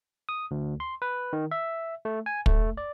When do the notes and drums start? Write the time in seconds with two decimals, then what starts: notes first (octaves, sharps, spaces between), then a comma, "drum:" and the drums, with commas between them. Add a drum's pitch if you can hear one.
0.29 D#6
0.51 D2
0.80 C6
1.02 B4
1.33 D#3
1.51 E5
2.05 A3
2.26 G#5
2.46 A3, drum: kick
2.77 D5